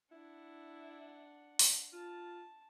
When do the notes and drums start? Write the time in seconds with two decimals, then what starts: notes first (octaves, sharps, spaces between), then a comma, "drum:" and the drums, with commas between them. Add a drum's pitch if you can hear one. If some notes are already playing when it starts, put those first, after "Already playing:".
0.12 D4 E4 F#5
1.59 drum: open hi-hat
1.93 F4 A5